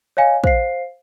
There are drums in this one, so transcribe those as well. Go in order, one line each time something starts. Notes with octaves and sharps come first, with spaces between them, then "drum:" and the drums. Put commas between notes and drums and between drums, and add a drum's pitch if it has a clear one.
C#5 D#5 F5 G#5
C5 F5 C7, drum: kick